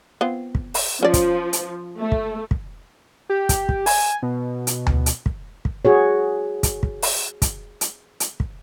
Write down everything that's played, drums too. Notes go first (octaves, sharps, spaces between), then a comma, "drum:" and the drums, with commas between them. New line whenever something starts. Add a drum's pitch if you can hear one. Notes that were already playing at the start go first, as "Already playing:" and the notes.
B3 C4 F4
drum: kick
drum: open hi-hat
F3 C#4 D5
drum: kick, hi-hat
drum: hi-hat
A3
drum: kick
drum: kick
G4
drum: kick, hi-hat
drum: kick
G#5, drum: open hi-hat
B2
drum: hi-hat
drum: tom D2
drum: hi-hat
drum: kick
drum: kick
F#4 G#4 C#5
drum: kick, hi-hat
drum: kick
drum: open hi-hat
drum: kick, hi-hat
drum: hi-hat
drum: hi-hat
drum: kick